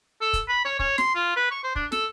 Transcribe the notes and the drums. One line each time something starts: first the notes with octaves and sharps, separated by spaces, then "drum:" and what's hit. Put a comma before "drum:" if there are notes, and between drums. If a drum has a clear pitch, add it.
A4
drum: kick, hi-hat
B5
C#5
C#5, drum: kick
C6, drum: snare
F4
B4
C#6
C5
D4, drum: kick
A4, drum: snare